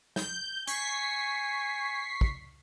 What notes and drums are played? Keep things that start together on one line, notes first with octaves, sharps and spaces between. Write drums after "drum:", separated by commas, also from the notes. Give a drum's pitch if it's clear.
G6, drum: snare
G#5 C#6 B6 C7, drum: hi-hat
drum: kick